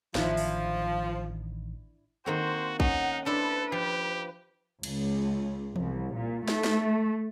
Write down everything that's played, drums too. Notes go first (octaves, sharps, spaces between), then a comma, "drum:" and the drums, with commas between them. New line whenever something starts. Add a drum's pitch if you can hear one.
A1 D#3 F3 D4 E4, drum: snare
drum: open hi-hat
D#3 A#3 C4 F#4 C5
C#4 D#4 F#5, drum: kick
D4 E4 A4 B4 C5
F3 G4
C#2, drum: cymbal
C2, drum: tom E3
A#2
A3, drum: snare
drum: snare